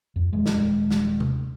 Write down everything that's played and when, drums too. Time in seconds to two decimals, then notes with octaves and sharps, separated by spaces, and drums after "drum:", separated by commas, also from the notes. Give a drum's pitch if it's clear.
0.16 F2
0.33 D#1 G#3
0.46 drum: snare
0.90 drum: snare
1.20 drum: tom C3